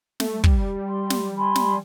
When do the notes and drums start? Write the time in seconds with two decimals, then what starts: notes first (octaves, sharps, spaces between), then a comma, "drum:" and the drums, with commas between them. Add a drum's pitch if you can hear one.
0.20 A3, drum: snare
0.44 G3, drum: kick
0.86 C6
1.10 drum: snare
1.36 G#5 B5 C6
1.55 drum: snare